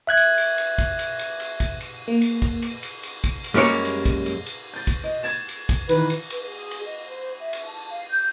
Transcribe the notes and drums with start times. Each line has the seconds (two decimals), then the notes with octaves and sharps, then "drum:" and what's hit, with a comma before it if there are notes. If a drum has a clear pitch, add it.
0.07 E5 F#6 G#6
0.17 drum: cymbal
0.38 drum: cymbal
0.58 drum: cymbal
0.78 drum: kick A1, cymbal
0.99 drum: cymbal
1.19 drum: cymbal
1.40 drum: cymbal
1.60 drum: kick A1, cymbal
1.81 drum: cymbal
2.08 A#3
2.22 drum: cymbal
2.42 drum: kick A1, cymbal
2.62 drum: cymbal
2.83 drum: cymbal
3.03 drum: cymbal
3.24 drum: kick A1, cymbal
3.44 drum: cymbal
3.54 F#2 G3 G#3 A#3 C#5
3.65 drum: cymbal
3.85 drum: cymbal
4.05 drum: kick A1, cymbal
4.26 drum: cymbal
4.46 drum: cymbal
4.74 G6 A6
4.87 drum: kick A1, cymbal
5.04 D#5
5.23 G#6 A6 E7
5.49 drum: cymbal
5.69 drum: kick A1, cymbal
5.89 D#3 E3 B4, drum: cymbal
6.10 drum: cymbal
6.30 B4, drum: cymbal
6.44 G#4
6.71 drum: cymbal
6.84 D#5
7.06 C5
7.39 E5
7.53 drum: cymbal
7.66 A5
7.90 F5
8.09 G6